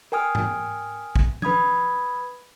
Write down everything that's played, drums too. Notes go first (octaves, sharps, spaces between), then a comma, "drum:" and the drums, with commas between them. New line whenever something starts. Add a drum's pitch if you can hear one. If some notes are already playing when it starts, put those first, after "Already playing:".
A#4 G5 G#5 D#6 F6
drum: tom G#2
drum: kick
B4 B5 D#6 G#6, drum: tom F3